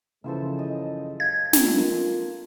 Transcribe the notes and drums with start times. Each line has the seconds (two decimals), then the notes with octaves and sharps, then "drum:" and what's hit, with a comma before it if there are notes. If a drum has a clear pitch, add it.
0.24 F#2 C#3 E3 F3 G#3 A4 C5 E5
0.59 D#5
1.20 F5 G#6
1.53 A#3 F4, drum: snare